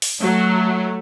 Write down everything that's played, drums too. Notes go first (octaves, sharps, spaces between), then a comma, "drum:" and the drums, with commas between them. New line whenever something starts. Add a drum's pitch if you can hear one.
drum: open hi-hat
F#3 A3